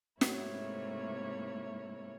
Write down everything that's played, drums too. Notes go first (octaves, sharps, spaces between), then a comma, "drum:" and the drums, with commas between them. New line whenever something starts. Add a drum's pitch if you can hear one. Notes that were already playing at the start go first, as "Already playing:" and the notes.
G#2 C3 A3 A#3 E4 C#5, drum: snare